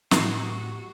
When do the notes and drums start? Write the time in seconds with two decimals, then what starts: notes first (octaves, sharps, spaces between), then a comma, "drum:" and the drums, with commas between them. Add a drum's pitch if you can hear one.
0.11 A2 F#4 G4 C7, drum: snare